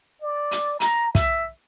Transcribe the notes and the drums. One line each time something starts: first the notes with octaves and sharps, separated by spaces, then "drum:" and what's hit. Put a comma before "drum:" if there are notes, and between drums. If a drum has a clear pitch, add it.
D5
drum: hi-hat
A#5, drum: hi-hat
E5, drum: kick, hi-hat